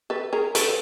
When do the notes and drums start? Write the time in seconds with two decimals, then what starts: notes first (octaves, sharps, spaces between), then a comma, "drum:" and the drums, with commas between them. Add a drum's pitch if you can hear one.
0.10 A4 B4
0.33 G#4 A#4
0.55 A4 B4, drum: hi-hat